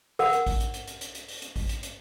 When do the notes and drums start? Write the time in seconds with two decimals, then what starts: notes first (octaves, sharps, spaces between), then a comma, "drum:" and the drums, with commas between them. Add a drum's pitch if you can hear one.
0.19 A#4 F#5, drum: open hi-hat
0.33 drum: hi-hat
0.47 drum: kick A1, open hi-hat
0.60 drum: hi-hat
0.74 drum: hi-hat
0.87 drum: hi-hat
1.01 drum: hi-hat
1.15 drum: hi-hat
1.28 drum: open hi-hat
1.42 drum: hi-hat
1.56 drum: kick A1, open hi-hat
1.69 drum: hi-hat
1.83 drum: hi-hat